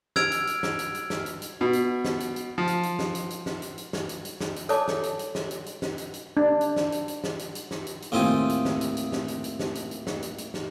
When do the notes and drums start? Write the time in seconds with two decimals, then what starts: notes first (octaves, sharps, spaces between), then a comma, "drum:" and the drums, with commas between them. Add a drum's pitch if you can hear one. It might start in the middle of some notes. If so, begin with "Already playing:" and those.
0.16 E6 F6 G#6 D7 F7, drum: snare
0.32 drum: hi-hat
0.47 drum: hi-hat
0.63 drum: snare
0.79 drum: hi-hat
0.94 drum: hi-hat
1.10 drum: snare
1.26 drum: hi-hat
1.42 drum: hi-hat
1.61 B2
1.73 drum: hi-hat
2.05 drum: snare
2.20 drum: hi-hat
2.36 drum: hi-hat
2.58 F3
2.67 drum: hi-hat
2.83 drum: hi-hat
2.99 drum: snare
3.15 drum: hi-hat
3.30 drum: hi-hat
3.46 drum: snare
3.62 drum: hi-hat
3.78 drum: hi-hat
3.93 drum: snare
4.09 drum: hi-hat
4.25 drum: hi-hat
4.41 drum: snare
4.56 drum: hi-hat
4.69 A4 C#5 D5 G#5 A5 D6, drum: hi-hat
4.88 drum: snare
5.03 drum: hi-hat
5.19 drum: hi-hat
5.35 drum: snare
5.51 drum: hi-hat
5.66 drum: hi-hat
5.82 drum: snare
5.98 drum: hi-hat
6.14 drum: hi-hat
6.37 D4
6.61 drum: hi-hat
6.76 drum: snare
6.92 drum: hi-hat
7.08 drum: hi-hat
7.24 drum: snare
7.39 drum: hi-hat
7.55 drum: hi-hat
7.71 drum: snare
7.87 drum: hi-hat
8.02 drum: hi-hat
8.12 D#2 A2 C4 D#4 F4 G#5
8.49 drum: hi-hat
8.65 drum: snare
8.81 drum: hi-hat
8.97 drum: hi-hat
9.12 drum: snare
9.28 drum: hi-hat
9.44 drum: hi-hat
9.60 drum: snare
9.75 drum: hi-hat
9.91 drum: hi-hat
10.07 drum: snare
10.22 drum: hi-hat
10.38 drum: hi-hat
10.54 drum: snare